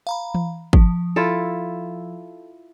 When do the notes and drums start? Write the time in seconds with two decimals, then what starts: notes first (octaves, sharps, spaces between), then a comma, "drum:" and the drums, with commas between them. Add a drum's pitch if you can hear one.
0.07 F5 A#5 B5
0.34 drum: tom E3
0.73 F3, drum: kick
1.16 E4 F4 A4